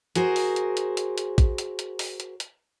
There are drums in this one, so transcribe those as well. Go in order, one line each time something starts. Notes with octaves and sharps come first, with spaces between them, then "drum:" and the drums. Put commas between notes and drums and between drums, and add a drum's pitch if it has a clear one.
F#4 G#4 A#4 C5, drum: hi-hat
drum: open hi-hat
drum: hi-hat
drum: hi-hat
drum: hi-hat
drum: hi-hat
drum: kick, hi-hat
drum: hi-hat
drum: hi-hat
drum: open hi-hat
drum: hi-hat
drum: hi-hat